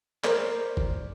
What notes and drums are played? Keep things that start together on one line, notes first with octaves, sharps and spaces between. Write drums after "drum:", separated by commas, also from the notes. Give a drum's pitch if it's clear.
A#4 C5 D5, drum: clap
drum: kick